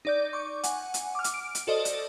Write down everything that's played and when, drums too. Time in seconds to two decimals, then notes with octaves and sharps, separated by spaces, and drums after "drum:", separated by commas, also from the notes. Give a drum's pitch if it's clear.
0.05 D#4 D5 G6
0.33 C#6 D6
0.64 F#5 G#5, drum: hi-hat
0.94 drum: hi-hat
1.15 D6 F6
1.24 drum: hi-hat
1.34 D7
1.55 drum: hi-hat
1.67 F#4 A4 C5 D5 D#5
1.85 drum: hi-hat